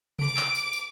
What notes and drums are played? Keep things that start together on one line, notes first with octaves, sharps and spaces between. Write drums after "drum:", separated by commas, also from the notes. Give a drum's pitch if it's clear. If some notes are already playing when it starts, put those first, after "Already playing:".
D6 D7, drum: tom C3
drum: clap
drum: tambourine
drum: tambourine